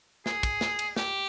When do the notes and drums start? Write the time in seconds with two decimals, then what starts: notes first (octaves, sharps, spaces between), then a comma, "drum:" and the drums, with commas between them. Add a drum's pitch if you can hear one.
0.26 G#4, drum: snare
0.43 drum: kick, cymbal
0.61 drum: snare
0.79 drum: cymbal
0.96 G4, drum: snare